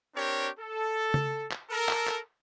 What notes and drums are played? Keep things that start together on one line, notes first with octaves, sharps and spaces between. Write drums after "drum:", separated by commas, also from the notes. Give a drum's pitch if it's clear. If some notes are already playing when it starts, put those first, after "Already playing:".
C4 D4 G4 A#4 C#5
A4
drum: tom C#3
drum: clap
A4 A#4
drum: clap
drum: clap